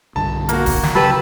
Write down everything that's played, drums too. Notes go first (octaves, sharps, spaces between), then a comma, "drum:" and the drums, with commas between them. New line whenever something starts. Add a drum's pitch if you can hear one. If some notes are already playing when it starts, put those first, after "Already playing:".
B1 G2 D3 A5
A#3 F#4, drum: hi-hat
drum: kick, open hi-hat
drum: snare
C#3 F#3 G4 B4 A5 B5 E6